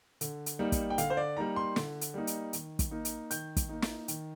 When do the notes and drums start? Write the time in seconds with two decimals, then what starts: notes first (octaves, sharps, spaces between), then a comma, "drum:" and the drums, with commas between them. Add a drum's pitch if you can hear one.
0.21 D3, drum: hi-hat
0.46 drum: hi-hat
0.59 G3 A#3 D#4
0.72 drum: kick, hi-hat
0.90 G5
0.98 D3 F5, drum: hi-hat
1.10 C5
1.17 D5
1.36 G3 A#3 D#4 A#5
1.56 C6
1.76 D3, drum: snare
2.01 drum: hi-hat
2.14 G3 A#3 D#4
2.27 drum: hi-hat
2.53 D#3, drum: hi-hat
2.79 drum: kick, hi-hat
2.91 A#3 D#4
3.05 drum: hi-hat
3.31 D#3 G6, drum: hi-hat
3.56 drum: kick, hi-hat
3.69 A#3 D#4
3.82 drum: snare
4.08 D#3, drum: hi-hat